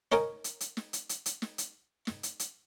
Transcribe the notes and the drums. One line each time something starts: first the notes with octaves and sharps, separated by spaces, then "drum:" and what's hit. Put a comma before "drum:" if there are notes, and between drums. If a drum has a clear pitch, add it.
C#4 D#4 A#4 G#5, drum: snare
drum: hi-hat
drum: hi-hat
drum: snare
drum: hi-hat
drum: hi-hat
drum: hi-hat
drum: snare
drum: hi-hat
drum: snare
drum: hi-hat
drum: hi-hat